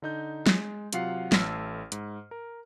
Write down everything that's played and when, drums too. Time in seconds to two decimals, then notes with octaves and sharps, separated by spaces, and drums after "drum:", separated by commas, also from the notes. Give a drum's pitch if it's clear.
0.02 D3 D#4 G6
0.46 G#3, drum: snare
0.93 C3 F#3 F4 F5 F#5 C7, drum: hi-hat
1.32 A1 A3 A4 E6 F6, drum: snare
1.92 G#2, drum: hi-hat
2.31 A#4